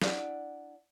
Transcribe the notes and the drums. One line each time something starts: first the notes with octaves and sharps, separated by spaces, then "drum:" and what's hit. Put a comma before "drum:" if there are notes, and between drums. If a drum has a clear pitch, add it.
D4 E4 D5 F#5, drum: snare